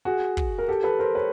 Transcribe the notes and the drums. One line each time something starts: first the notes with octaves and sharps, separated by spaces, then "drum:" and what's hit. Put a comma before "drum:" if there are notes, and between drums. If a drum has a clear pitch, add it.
F#4 G#4
drum: kick
A#4
G4 A4
A4 B4
A#4 C5
B4 C#5